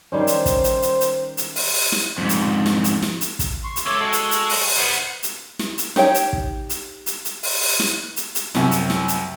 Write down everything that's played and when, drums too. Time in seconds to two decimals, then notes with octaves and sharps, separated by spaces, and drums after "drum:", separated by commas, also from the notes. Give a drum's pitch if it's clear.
0.12 D#3 G3 C#4 C5
0.27 drum: hi-hat
0.45 drum: kick, hi-hat
0.64 drum: hi-hat
0.82 drum: hi-hat
1.01 drum: hi-hat
1.37 drum: hi-hat
1.56 drum: open hi-hat
1.74 drum: open hi-hat
1.92 drum: snare
2.18 F2 G#2
2.29 drum: hi-hat
2.66 drum: snare
2.84 drum: hi-hat
3.02 drum: snare
3.21 drum: hi-hat
3.39 drum: kick, hi-hat
3.64 C6 C#6
3.76 drum: hi-hat
3.86 C#2 A4 C#5 E5 D6
4.00 G#3 F#4 A4
4.13 drum: hi-hat
4.31 drum: hi-hat
4.49 drum: open hi-hat
4.68 drum: open hi-hat
4.78 B3 C5 F#5
5.23 drum: hi-hat
5.59 drum: snare
5.78 drum: hi-hat
5.96 D#4 G4 C#5 G5, drum: snare
6.14 drum: hi-hat
6.33 drum: kick
6.69 drum: hi-hat
7.06 drum: hi-hat
7.25 drum: hi-hat
7.43 drum: open hi-hat
7.61 drum: open hi-hat
7.80 drum: snare
8.16 drum: hi-hat
8.35 drum: hi-hat
8.55 C2 F#2, drum: snare
8.71 drum: hi-hat
8.90 drum: snare
9.08 drum: hi-hat